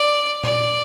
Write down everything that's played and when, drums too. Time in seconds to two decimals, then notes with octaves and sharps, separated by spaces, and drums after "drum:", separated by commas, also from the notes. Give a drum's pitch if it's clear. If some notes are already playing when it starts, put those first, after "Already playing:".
Already playing: D5
0.44 D5, drum: tom A#2